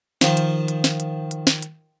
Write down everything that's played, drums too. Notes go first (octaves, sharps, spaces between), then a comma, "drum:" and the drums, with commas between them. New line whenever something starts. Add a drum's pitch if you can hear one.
D#3 F3 C5, drum: snare
drum: hi-hat
drum: hi-hat
drum: snare
drum: hi-hat
drum: hi-hat
drum: snare
drum: hi-hat